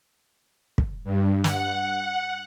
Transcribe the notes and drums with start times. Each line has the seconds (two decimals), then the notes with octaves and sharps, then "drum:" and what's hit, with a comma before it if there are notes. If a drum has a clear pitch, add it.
0.78 drum: kick
1.04 G2
1.44 F#5, drum: snare